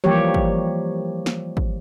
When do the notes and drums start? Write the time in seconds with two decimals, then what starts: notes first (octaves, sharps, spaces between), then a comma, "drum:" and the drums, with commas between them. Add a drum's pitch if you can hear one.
0.04 E3 F3 G3 A#3 G4 C#5
0.34 drum: kick
1.26 drum: snare
1.57 drum: kick